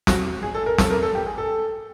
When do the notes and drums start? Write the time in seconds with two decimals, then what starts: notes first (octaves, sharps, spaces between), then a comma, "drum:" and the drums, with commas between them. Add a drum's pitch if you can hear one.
0.07 F#4, drum: snare
0.43 G#4
0.55 A4
0.66 A#4
0.78 A4, drum: snare
0.90 A#4
1.03 A4
1.15 G4
1.26 G#4
1.38 A4